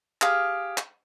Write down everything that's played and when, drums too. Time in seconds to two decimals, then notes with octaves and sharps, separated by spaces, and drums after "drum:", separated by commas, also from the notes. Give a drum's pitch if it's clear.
0.22 G4 G#4 F5 D#6, drum: clap
0.78 drum: clap